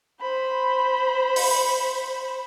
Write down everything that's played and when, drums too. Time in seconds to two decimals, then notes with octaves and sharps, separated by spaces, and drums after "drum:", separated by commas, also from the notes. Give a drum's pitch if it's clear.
0.21 C5 B5
1.36 drum: open hi-hat